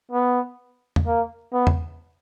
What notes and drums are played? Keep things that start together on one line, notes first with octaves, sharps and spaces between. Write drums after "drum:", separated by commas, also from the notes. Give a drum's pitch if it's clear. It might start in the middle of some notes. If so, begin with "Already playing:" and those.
B3
drum: tom E2
A#3
B3
drum: tom E2